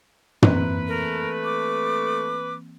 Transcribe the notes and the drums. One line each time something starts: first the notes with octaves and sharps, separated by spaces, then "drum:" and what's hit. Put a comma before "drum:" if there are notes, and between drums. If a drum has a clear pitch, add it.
E3 A#3 C4 B4, drum: tom
A3 A#4
D6